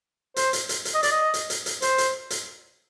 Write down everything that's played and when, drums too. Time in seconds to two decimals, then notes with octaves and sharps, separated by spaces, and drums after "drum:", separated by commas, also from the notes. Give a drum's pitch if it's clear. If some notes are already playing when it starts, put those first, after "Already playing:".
0.36 C5, drum: hi-hat
0.53 drum: hi-hat
0.69 drum: hi-hat
0.85 drum: hi-hat
0.95 D#5
1.03 D5, drum: hi-hat
1.12 D#5
1.34 drum: hi-hat
1.50 drum: hi-hat
1.66 drum: hi-hat
1.82 C5, drum: hi-hat
1.98 drum: hi-hat
2.30 drum: hi-hat